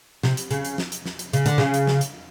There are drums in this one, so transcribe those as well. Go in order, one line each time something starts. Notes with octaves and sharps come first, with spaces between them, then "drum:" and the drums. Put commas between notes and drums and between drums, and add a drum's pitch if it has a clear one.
C3, drum: snare
drum: hi-hat
C#3, drum: hi-hat
drum: hi-hat
drum: snare
drum: hi-hat
drum: snare
drum: hi-hat
C#3, drum: hi-hat
D3, drum: hi-hat
C#3, drum: snare
drum: hi-hat
drum: snare
drum: hi-hat